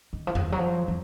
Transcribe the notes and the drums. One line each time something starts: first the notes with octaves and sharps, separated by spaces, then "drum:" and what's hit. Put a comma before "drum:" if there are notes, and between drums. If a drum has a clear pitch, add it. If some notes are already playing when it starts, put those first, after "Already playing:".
D#3
F3
D#3, drum: tom E2
F#3
F3
F3